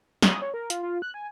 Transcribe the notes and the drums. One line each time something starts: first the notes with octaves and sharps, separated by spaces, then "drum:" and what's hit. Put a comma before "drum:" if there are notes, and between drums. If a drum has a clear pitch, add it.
D#6, drum: snare
C#5
A#4
F4, drum: hi-hat
F4
F#6
G#5